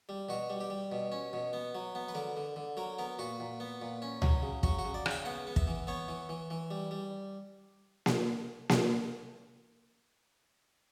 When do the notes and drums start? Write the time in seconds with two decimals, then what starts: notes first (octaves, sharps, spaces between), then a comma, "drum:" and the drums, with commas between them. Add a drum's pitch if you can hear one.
0.09 G3
0.29 B2 F#4
0.50 G3
0.61 G4
0.70 G3
0.92 B2
1.12 C#4
1.33 B2
1.53 B3
1.75 F#3
1.95 B3
2.08 B4
2.15 D3 A#4
2.37 D3
2.56 D3
2.77 F#3 A#4
2.98 B3 A#4
3.19 A#2 F#4
3.40 A#2
3.60 B3
3.82 A#2
4.02 C#4
4.22 F#3, drum: tom C#2
4.42 C#3
4.63 F#3 F#4, drum: kick
4.79 F#4
4.85 C#3
4.94 D5
5.06 C#3, drum: rim click
5.11 G5
5.25 B3 F#5
5.47 B3
5.56 E5, drum: kick
5.67 E3
5.87 B3 C#5
6.08 E3
6.29 E3
6.50 E3
6.71 G3
6.91 G3
8.06 drum: snare A#3
8.69 drum: snare A#3